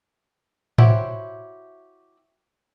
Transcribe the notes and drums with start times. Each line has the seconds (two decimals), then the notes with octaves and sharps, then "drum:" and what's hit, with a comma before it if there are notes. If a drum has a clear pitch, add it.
0.78 E4 F#4 G4 C5 C#5, drum: tom A2